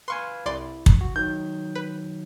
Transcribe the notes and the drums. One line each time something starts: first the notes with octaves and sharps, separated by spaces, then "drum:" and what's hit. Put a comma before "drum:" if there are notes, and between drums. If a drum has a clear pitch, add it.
B4 F5 G#5 C6 C#6
C2 E4 D5 C6
drum: kick
F#4
D#3 F#3 G6
B4